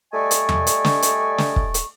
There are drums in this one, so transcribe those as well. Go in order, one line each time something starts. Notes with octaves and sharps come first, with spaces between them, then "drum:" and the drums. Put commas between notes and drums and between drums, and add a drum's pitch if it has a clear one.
G3 A3 D5 D#5 G#5 C#6
drum: hi-hat
drum: tom E2
drum: hi-hat
drum: snare
drum: hi-hat
drum: snare
drum: kick
drum: hi-hat